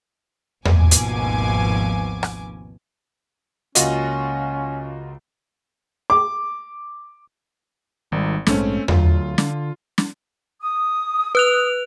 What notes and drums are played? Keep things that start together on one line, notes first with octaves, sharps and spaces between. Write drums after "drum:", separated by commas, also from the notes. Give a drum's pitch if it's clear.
G#1 D#2 B2 F3 G#5 D6, drum: tom E2
drum: hi-hat
drum: rim click
C#2 A#3 C#4 F4 F#4 D#5, drum: hi-hat
D6
G#1 D#3 G3
A#1 G#2 G#3 A3 C4 C#4, drum: snare
D2 F#3 F4, drum: tom E2
D3, drum: snare
drum: snare
D#6
B4 F#6 F7